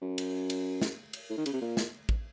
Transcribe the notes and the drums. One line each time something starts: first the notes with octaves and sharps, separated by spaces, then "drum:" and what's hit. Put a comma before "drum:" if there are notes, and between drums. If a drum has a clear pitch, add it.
F#2
drum: cymbal
drum: cymbal
drum: snare
drum: cymbal
A2
D#3
C#3, drum: cymbal
C3
A#2
drum: snare
drum: kick